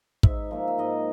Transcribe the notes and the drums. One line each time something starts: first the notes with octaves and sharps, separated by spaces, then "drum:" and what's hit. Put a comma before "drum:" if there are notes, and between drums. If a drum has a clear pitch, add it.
G#2 E5, drum: kick
F3 A#3
E5
G#2 D#5